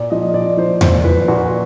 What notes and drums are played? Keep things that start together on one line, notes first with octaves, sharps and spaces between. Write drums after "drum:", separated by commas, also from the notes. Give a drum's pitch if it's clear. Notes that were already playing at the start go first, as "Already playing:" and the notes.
Already playing: A#2 D5
F3 D#5
A#2 D5
F3 C5
A#2 C5, drum: tom E2
F3 B4
A#2 F#4